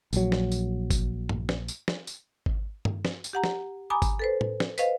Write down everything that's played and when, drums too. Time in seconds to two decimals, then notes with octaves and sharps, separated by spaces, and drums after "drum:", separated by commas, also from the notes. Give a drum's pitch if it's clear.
0.13 A#1 F#3, drum: tambourine
0.32 drum: snare
0.52 drum: tambourine
0.90 drum: kick G#1, tambourine
1.29 drum: tom G2
1.49 drum: snare
1.68 drum: tambourine
1.88 drum: snare
2.07 drum: tambourine
2.46 drum: kick G#1
2.85 drum: tom G2
3.05 drum: snare
3.24 drum: tambourine
3.33 G4 F#5 A#5
3.44 drum: snare
3.90 G#5 A#5 B5 D6 D#6
4.02 drum: kick G#1, tambourine
4.19 A4 B4 C5
4.41 drum: tom A2
4.60 drum: snare
4.78 B4 C5 D#5 F5, drum: tambourine